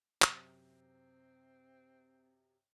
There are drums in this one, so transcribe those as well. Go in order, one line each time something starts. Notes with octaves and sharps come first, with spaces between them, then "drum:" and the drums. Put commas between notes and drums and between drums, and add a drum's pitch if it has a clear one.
F#2 C3 C4, drum: clap